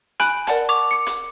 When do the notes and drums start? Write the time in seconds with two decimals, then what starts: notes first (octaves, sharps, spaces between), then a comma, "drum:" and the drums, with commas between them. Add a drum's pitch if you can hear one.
0.20 G#5 B5 F#6 G6 D7 F#7, drum: hi-hat
0.47 A#4 D5 F#5 A5, drum: hi-hat
0.69 C#6 D6 F7
0.91 D6 C#7
1.07 drum: hi-hat